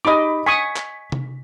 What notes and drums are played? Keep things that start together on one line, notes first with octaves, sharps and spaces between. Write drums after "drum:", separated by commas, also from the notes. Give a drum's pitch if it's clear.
D#4 G4 D#5 B5 D6
G#5 C#6 D#6 B6
drum: clap
drum: tom C3